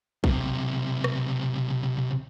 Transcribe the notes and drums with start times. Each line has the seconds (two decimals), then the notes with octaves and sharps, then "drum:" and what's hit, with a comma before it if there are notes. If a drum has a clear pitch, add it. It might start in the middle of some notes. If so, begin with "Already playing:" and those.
0.24 B1 C3, drum: kick
1.04 drum: rim click